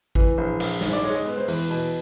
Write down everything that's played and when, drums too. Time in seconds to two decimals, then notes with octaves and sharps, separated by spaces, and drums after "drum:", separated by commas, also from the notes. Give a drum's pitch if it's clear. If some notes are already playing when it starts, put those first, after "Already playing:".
0.15 E3, drum: kick G#1
0.38 A#1
0.60 A#1, drum: cymbal
0.81 G#2, drum: snare
0.93 D5
1.04 G#3 C#5
1.15 D#5
1.26 B3 B4
1.37 C5
1.48 E2 B4, drum: open hi-hat
1.71 B2